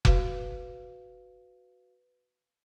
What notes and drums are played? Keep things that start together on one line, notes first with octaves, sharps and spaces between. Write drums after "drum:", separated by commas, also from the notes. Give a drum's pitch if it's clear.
F#4 B4 F5, drum: kick F1